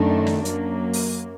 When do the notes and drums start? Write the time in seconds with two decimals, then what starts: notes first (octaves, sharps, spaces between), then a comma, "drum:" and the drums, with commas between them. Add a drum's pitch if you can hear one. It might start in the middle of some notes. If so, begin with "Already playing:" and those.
Already playing: F#2 D#3 A3 D4
0.27 drum: snare
0.45 F#2 F#3 A#3, drum: hi-hat
0.93 drum: open hi-hat